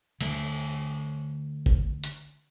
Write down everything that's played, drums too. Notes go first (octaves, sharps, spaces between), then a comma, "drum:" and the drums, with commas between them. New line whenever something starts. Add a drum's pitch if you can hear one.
D3 A3, drum: cymbal
drum: kick
drum: hi-hat